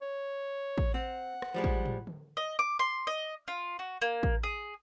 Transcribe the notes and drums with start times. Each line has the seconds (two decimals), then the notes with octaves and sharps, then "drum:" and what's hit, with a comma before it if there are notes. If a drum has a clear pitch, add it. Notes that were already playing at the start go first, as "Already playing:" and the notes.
0.01 C#5
0.78 drum: kick A1
0.94 C4 F#5
1.42 drum: rim click
1.54 F3 G3 G#3
1.64 drum: kick A1
1.86 drum: tom
2.07 drum: tom D3
2.37 D#5
2.59 D6
2.79 C6
3.07 D#5
3.48 F4
3.79 F#4
4.01 A#3
4.23 drum: kick A1
4.43 G#4